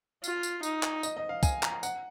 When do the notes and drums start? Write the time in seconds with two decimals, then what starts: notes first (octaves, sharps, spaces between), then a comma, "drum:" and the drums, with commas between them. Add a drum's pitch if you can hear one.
0.24 F4, drum: tambourine
0.43 drum: tambourine
0.63 D#4, drum: tambourine
0.83 drum: clap
1.03 D#5, drum: tambourine
1.17 D#5
1.29 F5
1.43 G#5, drum: kick, tambourine
1.63 A#5, drum: clap
1.83 F#5, drum: tambourine